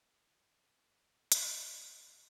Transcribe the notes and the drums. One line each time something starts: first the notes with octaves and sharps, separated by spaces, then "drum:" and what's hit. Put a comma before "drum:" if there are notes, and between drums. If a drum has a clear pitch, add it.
E4 B4 F#5
F#4 C#5 G#5
drum: hi-hat
B3 G#4 B4 G#5